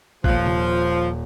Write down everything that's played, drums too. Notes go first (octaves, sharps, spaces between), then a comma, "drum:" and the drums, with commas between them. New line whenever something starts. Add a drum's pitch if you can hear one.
D#1 F3 F#6, drum: kick A1
drum: tom C3